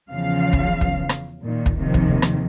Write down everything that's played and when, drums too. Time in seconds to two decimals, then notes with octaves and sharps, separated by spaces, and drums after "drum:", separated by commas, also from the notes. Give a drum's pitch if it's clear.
0.11 E2 C#3 F3 F5
0.53 drum: kick
0.81 drum: kick
1.09 drum: rim click
1.43 A#2 D#3
1.66 drum: kick
1.78 D#2 C3 D#3 F3
1.94 drum: kick
2.22 drum: rim click